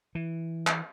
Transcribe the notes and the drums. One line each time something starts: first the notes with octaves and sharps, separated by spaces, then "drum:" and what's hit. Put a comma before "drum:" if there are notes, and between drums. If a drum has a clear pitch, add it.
E3
drum: clap